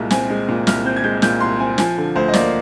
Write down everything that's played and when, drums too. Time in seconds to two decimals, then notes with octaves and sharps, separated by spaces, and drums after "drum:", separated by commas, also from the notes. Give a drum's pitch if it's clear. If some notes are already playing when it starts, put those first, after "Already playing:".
Already playing: C2 A#2 G#3
0.11 C4 G#5, drum: snare
0.30 G#3
0.48 A#2
0.67 C2 F6, drum: snare
0.85 C4 G6
0.96 G#6
1.04 G#3 G6
1.22 A#2 G6, drum: snare
1.40 C2 C6
1.60 C4 G#5
1.78 F3 G#5, drum: snare
1.97 D3
2.15 D2 C5
2.28 D#5
2.33 A#3 D5, drum: snare